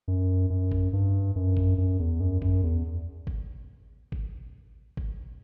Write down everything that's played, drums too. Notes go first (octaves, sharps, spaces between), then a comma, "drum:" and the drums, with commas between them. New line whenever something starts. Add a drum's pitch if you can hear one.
F#2
F#2
drum: kick G#1
G2
F#2
drum: kick G#1
F#2
E2
F#2
F#2, drum: kick G#1
E2
drum: kick G#1
drum: kick G#1
drum: kick G#1